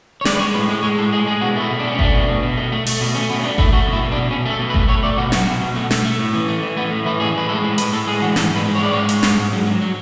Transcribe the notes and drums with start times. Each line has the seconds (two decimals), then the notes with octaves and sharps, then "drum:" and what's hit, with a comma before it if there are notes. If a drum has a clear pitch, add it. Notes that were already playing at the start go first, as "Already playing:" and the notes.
0.21 C#5
0.25 G#3 D5, drum: snare
0.35 B4
0.39 G#3 C#5
0.54 A2 B4
0.69 G#3
0.83 G#3 C#5
0.98 A2 A4
1.13 G#3 G#4
1.27 G#3 G#4
1.41 B2 F#4
1.56 A3 E4
1.70 B2
1.79 D4
1.85 A3
1.92 C#4
1.99 A3 D4, drum: kick G1
2.14 B2
2.29 B2
2.43 B2
2.57 A3
2.72 A3
2.87 A3, drum: open hi-hat
3.01 B2
3.14 A3 C#4
3.30 B2 B3
3.40 C#4
3.44 A3 D4
3.58 A3 E4, drum: kick G1
3.73 A3 F#4
3.87 B2
3.93 E4
4.02 B2
4.12 D4
4.17 B2
4.31 B2 C#4
4.45 A3 A4
4.59 B2
4.70 B4
4.74 A3, drum: kick G1
4.88 A3 C#5
5.03 A3 D5
5.17 B2 F#4
5.32 F#3 F#4, drum: snare
5.47 B2
5.62 B2
5.76 A3
5.91 A3, drum: snare
6.05 A3
6.19 A2
6.34 E3
6.48 A3
6.63 E3
6.77 A3 B3
6.91 A2
7.06 E3 E4
7.20 A2 G#4
7.35 A2 B4
7.49 G#3 A4
7.64 A2
7.78 A2 B4, drum: hi-hat
7.93 A2 A4
8.07 G#3 G#4
8.22 E3 F#4
8.36 G#2 A4, drum: snare
8.50 G#2
8.56 B4
8.66 G#3
8.75 C#5
8.80 G#3 D5
8.92 G#2 C#5
9.09 G#3, drum: hi-hat
9.23 G#2, drum: snare
9.38 G#2
9.53 F#3
9.67 F#3
9.81 F#3